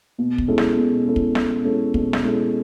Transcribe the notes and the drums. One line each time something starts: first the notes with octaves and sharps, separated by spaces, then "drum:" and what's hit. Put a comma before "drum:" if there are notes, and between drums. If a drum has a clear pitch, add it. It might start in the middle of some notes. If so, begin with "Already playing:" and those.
B2
drum: kick
G#3 C#4 E4 A4
drum: snare
B2
G#3 C#4 E4 A4
drum: kick
B2, drum: snare
G#3 C#4 E4 A4
B2, drum: kick
drum: snare
G#3 C#4 E4 A4